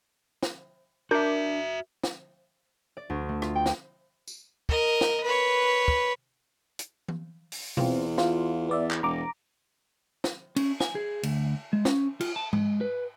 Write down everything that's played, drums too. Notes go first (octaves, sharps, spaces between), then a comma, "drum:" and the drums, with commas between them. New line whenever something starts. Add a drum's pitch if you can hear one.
drum: snare
D4 F#4 A#4 E5 D6 G6
drum: snare
D5
D2
A3
F4, drum: rim click
G5
drum: snare
drum: tambourine
A#4 D#5, drum: kick
drum: snare
B4 C#5
drum: kick
drum: hi-hat
drum: tom E3
drum: open hi-hat
E2 C4 F4, drum: tom B2
F4, drum: snare
B3 D5 E5
drum: clap
E1 A#5 D6
drum: snare
C#4, drum: cymbal
G#5, drum: snare
G#4
D2, drum: cymbal
G#3
C#4, drum: snare
F4, drum: cymbal
A5
G#3, drum: tom G#2
B4